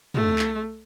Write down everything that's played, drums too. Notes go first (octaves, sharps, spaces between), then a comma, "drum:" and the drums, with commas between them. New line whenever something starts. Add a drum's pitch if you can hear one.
A3, drum: tom
drum: clap